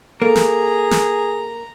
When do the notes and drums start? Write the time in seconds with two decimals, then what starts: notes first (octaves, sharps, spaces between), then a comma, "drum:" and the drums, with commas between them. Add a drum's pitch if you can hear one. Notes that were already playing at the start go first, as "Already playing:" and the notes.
0.22 A#3 G#4 A4 A#5
0.36 drum: snare
0.91 drum: snare